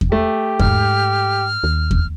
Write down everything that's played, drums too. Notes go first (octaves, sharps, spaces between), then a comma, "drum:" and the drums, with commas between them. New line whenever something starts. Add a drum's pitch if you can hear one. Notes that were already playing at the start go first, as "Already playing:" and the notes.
drum: kick E2
A3 G4
G#2 F6, drum: kick E2
D#2
drum: kick E2